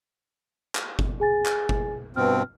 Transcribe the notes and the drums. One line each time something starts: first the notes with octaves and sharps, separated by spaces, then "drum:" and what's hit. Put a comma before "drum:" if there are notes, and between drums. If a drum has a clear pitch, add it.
drum: clap
drum: kick G1
G#4 G#5 A6
drum: clap
drum: kick G1
G2 B2 C4 F6